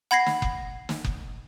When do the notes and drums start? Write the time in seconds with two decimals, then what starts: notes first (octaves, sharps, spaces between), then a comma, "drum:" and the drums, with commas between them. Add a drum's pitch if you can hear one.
0.11 F#5 B5 G#6 A#6 C7
0.26 drum: snare
0.42 drum: kick F#1
0.89 drum: snare
1.04 drum: kick F#1